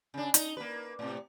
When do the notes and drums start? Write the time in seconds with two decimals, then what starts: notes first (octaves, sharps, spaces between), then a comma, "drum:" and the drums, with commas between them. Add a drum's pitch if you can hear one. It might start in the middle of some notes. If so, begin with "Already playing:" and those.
0.14 C#3 D4
0.34 D#4, drum: hi-hat
0.57 A#3 B4
0.99 A2 C3